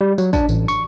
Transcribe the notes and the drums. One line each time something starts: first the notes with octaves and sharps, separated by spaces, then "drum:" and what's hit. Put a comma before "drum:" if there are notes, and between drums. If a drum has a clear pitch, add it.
G3
F#3, drum: tambourine
D4, drum: kick, tambourine
A1, drum: tambourine
C#6, drum: tambourine